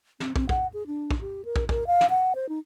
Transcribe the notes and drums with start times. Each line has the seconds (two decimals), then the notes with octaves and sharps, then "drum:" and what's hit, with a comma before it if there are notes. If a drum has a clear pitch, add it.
0.20 C4, drum: snare
0.36 C4, drum: kick
0.49 F#5, drum: kick
0.73 G#4
0.87 D4
1.11 drum: kick
1.21 G4
1.45 A#4
1.56 drum: kick
1.69 A#4, drum: kick
1.87 F5
2.01 drum: snare
2.10 F#5
2.35 C5
2.49 D#4